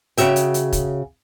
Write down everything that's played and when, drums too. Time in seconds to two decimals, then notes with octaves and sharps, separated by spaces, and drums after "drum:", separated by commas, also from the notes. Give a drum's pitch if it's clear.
0.17 C#3 F#4 E5 G5, drum: hi-hat
0.36 drum: hi-hat
0.54 drum: hi-hat
0.73 drum: kick, hi-hat